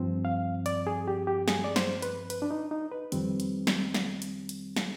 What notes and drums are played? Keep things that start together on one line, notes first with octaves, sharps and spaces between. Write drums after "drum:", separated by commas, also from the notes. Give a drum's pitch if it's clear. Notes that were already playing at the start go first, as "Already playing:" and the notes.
Already playing: G2 F3 C4
F5
D5, drum: hi-hat
G#4
G4
G4
G#4, drum: snare
D5
C5, drum: snare
B4, drum: hi-hat
B4, drum: hi-hat
D4
D#4
D#4
B4
F2 D#3 G3 C4, drum: hi-hat
drum: hi-hat
drum: snare
drum: snare
drum: hi-hat
drum: hi-hat
drum: snare